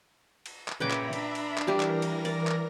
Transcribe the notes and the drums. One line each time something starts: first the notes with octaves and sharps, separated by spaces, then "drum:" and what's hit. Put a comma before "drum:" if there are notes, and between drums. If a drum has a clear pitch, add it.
drum: cymbal
drum: clap
A#2 C#3 B4 E5 G5 A#5 B5 D6
drum: clap
D4, drum: cymbal
drum: cymbal
drum: clap
E3 G3 G4 A#4 F5 A#6
drum: clap
drum: cymbal
D5, drum: cymbal
drum: clap